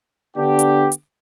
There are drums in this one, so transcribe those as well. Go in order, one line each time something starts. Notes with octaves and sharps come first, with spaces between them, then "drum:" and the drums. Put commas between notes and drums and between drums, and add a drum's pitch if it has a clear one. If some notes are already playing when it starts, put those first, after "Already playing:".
D3 B3 D4 G4
drum: hi-hat
drum: hi-hat